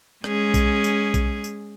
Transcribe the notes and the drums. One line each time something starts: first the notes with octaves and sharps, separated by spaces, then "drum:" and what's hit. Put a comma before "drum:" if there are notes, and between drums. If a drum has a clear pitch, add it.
G#3 C#4 G#4, drum: rim click
drum: kick B1, tambourine
drum: tambourine
drum: kick B1, tambourine
drum: tambourine